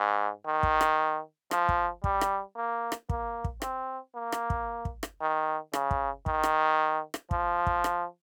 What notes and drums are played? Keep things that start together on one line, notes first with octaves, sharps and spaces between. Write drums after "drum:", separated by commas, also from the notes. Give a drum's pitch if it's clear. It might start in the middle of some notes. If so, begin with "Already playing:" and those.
Already playing: G#2
D#3
drum: kick
drum: rim click
F3, drum: rim click
drum: kick
G3, drum: kick
drum: rim click
A#3
drum: rim click
A#3, drum: kick
drum: kick
C4, drum: rim click
A#3
drum: rim click
drum: kick
drum: kick
drum: rim click
D#3
C#3, drum: rim click
drum: kick
D#3, drum: kick
drum: rim click
drum: rim click
F3, drum: kick
drum: kick
drum: rim click